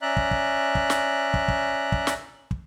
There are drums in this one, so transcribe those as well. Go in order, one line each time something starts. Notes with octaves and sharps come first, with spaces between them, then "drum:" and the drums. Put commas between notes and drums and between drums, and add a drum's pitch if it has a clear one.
C#4 D5 E5 A#5 F#6
drum: kick
drum: kick
drum: kick
drum: snare
drum: kick
drum: kick
drum: kick
drum: snare
drum: kick